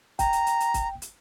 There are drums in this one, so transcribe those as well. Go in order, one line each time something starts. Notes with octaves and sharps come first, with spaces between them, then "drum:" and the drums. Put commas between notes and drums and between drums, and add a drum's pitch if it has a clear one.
G5 A#5, drum: kick, hi-hat
drum: hi-hat
drum: hi-hat
drum: hi-hat
drum: kick, hi-hat
drum: hi-hat